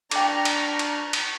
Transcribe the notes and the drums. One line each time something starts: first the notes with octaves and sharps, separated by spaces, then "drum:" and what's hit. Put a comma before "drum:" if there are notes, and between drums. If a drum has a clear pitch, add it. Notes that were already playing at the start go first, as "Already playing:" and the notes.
D4 G5 A#5 C#6 D6 F6, drum: cymbal
drum: cymbal
drum: cymbal
drum: cymbal